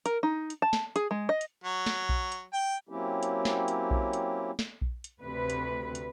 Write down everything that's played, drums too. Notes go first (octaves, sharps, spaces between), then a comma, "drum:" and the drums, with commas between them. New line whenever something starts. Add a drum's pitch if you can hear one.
A#4, drum: hi-hat
D#4
drum: hi-hat
A5
drum: snare
G#4, drum: hi-hat
G#3
D#5
drum: hi-hat
F#3
drum: snare
drum: kick A#1
drum: hi-hat
G5
F#3 A#3 C4 C#4 E4 G4
drum: hi-hat
drum: snare
drum: hi-hat
drum: kick A#1
drum: hi-hat
drum: snare
drum: kick A#1
drum: hi-hat
D2 C3 B4
drum: hi-hat
drum: hi-hat